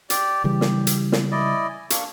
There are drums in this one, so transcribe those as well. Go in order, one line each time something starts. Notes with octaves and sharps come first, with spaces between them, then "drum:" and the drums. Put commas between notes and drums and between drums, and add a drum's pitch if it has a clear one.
G4 D5, drum: hi-hat
C#3 E3 G3 G4
drum: snare
drum: hi-hat
drum: snare
E4 D5 D#5
G#5
A#3 D4 C#6, drum: hi-hat